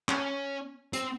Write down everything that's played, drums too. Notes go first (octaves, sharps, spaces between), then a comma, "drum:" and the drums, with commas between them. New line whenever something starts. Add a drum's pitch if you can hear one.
C#4, drum: clap
C4, drum: hi-hat